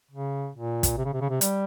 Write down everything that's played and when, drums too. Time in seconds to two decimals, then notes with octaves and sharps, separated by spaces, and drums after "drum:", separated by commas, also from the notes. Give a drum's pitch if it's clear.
0.11 C#3
0.55 A#2
0.83 drum: kick, hi-hat
0.98 C3
1.05 C#3
1.13 C3
1.21 C#3
1.30 C3
1.41 G3, drum: hi-hat